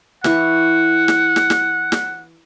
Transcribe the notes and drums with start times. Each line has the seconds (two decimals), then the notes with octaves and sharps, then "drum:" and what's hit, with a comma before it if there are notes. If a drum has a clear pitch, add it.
0.24 E3 E4 F#5 C#6, drum: snare
1.08 drum: snare
1.36 drum: snare
1.50 drum: snare
1.92 drum: snare